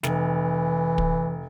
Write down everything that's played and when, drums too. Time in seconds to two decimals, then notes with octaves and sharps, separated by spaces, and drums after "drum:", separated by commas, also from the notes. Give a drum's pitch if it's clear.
0.03 F1 E3, drum: snare
0.98 drum: kick